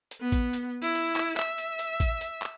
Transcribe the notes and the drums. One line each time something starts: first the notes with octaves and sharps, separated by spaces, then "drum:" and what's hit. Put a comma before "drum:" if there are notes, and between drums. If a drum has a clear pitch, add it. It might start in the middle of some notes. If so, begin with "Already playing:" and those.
drum: hi-hat
B3
drum: kick, hi-hat
drum: hi-hat
E4
drum: hi-hat
drum: clap
E5, drum: clap
drum: hi-hat
drum: hi-hat
drum: kick, hi-hat
drum: hi-hat
drum: clap